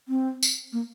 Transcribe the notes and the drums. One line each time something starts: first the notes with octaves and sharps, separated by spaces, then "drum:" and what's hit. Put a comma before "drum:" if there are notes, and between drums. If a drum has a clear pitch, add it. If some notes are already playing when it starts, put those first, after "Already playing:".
C4
drum: tambourine
A#3